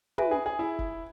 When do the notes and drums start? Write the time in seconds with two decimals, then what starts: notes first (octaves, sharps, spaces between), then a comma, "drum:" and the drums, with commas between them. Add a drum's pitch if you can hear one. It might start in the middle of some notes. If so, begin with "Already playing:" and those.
0.18 F#4 B4 E5 G#5, drum: tom
0.31 G#4
0.46 G#4
0.59 E4
0.79 drum: kick